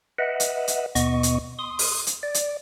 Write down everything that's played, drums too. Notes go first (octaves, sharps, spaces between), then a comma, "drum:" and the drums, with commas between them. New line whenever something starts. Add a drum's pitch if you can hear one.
B4 D#5 E5 F#5
drum: hi-hat
drum: hi-hat
D#2 B2 B3 D#5 C#6, drum: hi-hat
drum: hi-hat
C6 D#6
drum: open hi-hat
drum: hi-hat
D5
drum: hi-hat